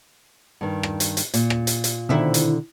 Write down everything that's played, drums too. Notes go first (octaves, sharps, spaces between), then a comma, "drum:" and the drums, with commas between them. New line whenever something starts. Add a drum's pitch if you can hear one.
G2 D#3
drum: rim click
drum: hi-hat
drum: hi-hat
A#2, drum: hi-hat
drum: rim click
drum: hi-hat
drum: hi-hat
B2 D3 D#3 C4 E4
drum: hi-hat